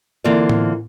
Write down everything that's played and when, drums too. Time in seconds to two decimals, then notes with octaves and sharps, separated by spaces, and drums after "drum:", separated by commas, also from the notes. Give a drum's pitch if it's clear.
0.24 D3 E3 A#3 C4 F4 D5
0.49 drum: tom A2